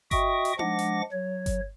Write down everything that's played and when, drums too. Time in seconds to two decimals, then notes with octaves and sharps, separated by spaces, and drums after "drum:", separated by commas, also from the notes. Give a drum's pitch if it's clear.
0.11 F#4 D#5 E5 G5 C#6 D#6, drum: kick G1, hi-hat
0.45 drum: hi-hat
0.59 F3 G#3 D4 F#5 D6 A#6, drum: tom D#4
0.79 drum: hi-hat
1.12 F#3 C#5
1.46 drum: kick G1, hi-hat